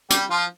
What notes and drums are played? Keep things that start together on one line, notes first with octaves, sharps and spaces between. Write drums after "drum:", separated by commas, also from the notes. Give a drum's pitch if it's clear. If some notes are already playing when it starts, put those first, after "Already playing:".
G3 G4, drum: hi-hat
F3 F4